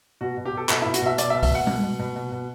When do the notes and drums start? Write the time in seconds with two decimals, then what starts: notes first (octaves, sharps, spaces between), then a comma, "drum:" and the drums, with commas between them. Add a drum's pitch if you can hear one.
0.21 B2 F#4
0.38 B2
0.45 G4
0.53 B2 A4
0.69 B2 A4, drum: clap
0.82 B2 E4
0.94 F#4, drum: hi-hat
1.02 B2 E5
1.18 B2 D5, drum: hi-hat
1.30 E5
1.35 B2
1.43 E5, drum: kick C2, open hi-hat
1.51 B2 F#5
1.67 B2, drum: tom G3
1.83 B2
1.99 B2
2.16 B2
2.32 B2